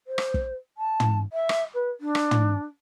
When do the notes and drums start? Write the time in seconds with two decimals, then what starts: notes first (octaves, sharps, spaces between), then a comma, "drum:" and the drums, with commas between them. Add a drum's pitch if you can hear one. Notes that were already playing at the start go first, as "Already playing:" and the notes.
0.07 C5
0.18 drum: rim click
0.34 drum: kick
0.78 A5
1.00 drum: tom
1.33 E5
1.49 drum: rim click
1.74 B4
2.01 D4
2.15 drum: rim click
2.31 drum: tom